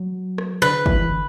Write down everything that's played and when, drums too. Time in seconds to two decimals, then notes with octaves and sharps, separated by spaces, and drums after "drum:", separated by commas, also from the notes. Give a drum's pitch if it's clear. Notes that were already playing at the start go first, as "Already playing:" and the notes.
Already playing: F#3
0.38 drum: rim click
0.62 D3 B4
0.86 E3, drum: kick
1.10 D3